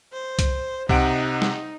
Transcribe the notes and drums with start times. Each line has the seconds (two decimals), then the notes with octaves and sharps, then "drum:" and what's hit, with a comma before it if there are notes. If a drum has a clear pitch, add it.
0.13 C5
0.39 drum: kick C2, hi-hat
0.89 C3 D#4 F#5 D7, drum: kick C2
1.42 drum: snare